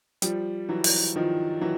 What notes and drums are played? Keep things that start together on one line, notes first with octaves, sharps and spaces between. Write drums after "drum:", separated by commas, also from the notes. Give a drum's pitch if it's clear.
F3 G3, drum: hi-hat
E3 F#3
drum: open hi-hat
D#3 F3
E3 F#3